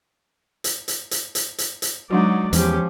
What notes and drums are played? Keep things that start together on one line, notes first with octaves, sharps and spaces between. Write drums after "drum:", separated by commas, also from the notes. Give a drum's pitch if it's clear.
drum: hi-hat
drum: hi-hat
drum: hi-hat
drum: hi-hat
drum: hi-hat
drum: hi-hat
F#3 G#3 D4 D#4 F#4 D5
E2 F3 C#4 G4, drum: hi-hat